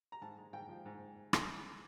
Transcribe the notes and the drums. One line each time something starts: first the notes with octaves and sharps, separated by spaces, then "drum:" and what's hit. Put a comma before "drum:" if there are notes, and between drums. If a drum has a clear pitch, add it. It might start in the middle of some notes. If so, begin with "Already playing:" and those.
A#5
G#2 A5
G#3
G#2 G5
F3
G#2
drum: rim click